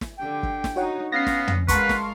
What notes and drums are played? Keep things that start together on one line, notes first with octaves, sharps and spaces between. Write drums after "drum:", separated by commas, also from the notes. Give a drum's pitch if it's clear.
drum: snare
D3 G4 G5
drum: kick
drum: snare
D#4 F#4 C#5 F#5
B3 C#4 F5 A#6 C7
drum: snare
drum: tom
G#3 A#4 B4 F5 F#5 A5 C6 C#6, drum: kick, hi-hat
drum: snare